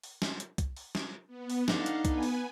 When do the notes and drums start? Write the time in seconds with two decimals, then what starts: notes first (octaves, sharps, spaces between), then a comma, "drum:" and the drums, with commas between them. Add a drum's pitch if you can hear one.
0.03 drum: open hi-hat
0.22 drum: snare
0.40 drum: hi-hat
0.58 drum: kick, hi-hat
0.77 drum: open hi-hat
0.95 drum: snare
1.27 B3
1.50 drum: open hi-hat
1.68 D4 D#4 A4 F5 F#5, drum: snare
1.86 drum: hi-hat
2.05 B3 B4 G#5, drum: kick, hi-hat
2.23 drum: open hi-hat